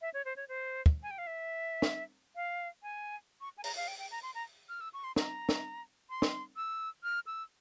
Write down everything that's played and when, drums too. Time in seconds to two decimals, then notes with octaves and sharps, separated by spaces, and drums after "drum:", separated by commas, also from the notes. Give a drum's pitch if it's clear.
0.01 E5
0.14 C#5
0.25 C5
0.36 C#5
0.48 C5
0.86 drum: kick
1.03 G#5
1.11 G5
1.18 F5
1.27 E5
1.82 drum: snare
2.35 F5
2.83 G#5
3.41 C#6
3.58 G#5
3.64 A#5, drum: open hi-hat
3.76 F5
3.88 G5
3.99 G5
4.11 A#5
4.23 C6
4.35 A#5
4.69 F6
4.80 E6
4.93 C#6
5.04 C6
5.16 A#5, drum: snare
5.49 drum: snare
6.10 C6
6.22 drum: snare
6.56 E6
7.03 F6
7.27 E6